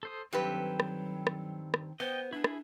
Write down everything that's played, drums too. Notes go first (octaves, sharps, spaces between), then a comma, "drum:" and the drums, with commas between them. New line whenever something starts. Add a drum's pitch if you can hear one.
A4 C5 D#6
G2 D#3 F#3 C4 G4 A4 B4
drum: rim click
drum: rim click
drum: rim click
B3 C5 D#5 G5
D4 E4 G#4
drum: rim click